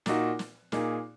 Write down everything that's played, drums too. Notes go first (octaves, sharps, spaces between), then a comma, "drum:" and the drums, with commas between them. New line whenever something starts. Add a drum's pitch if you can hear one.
A#2 A#3 D#4 F#4, drum: snare
drum: snare
A#2 A#3 D#4 G#4, drum: snare